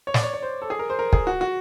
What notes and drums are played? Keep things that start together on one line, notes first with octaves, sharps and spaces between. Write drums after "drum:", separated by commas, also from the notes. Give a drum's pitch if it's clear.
C#5
D5, drum: snare
C#5
C#5
C5
A4
G#4
A#4
C5
A#4
G#4, drum: kick
F#4
F#4